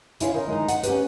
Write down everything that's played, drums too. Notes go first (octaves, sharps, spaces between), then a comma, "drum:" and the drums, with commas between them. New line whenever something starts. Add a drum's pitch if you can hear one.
C#4 E4 F4 C#5 F5, drum: hi-hat
D#3
G#3 D#4
F#5, drum: hi-hat
C#4 G4 B4, drum: hi-hat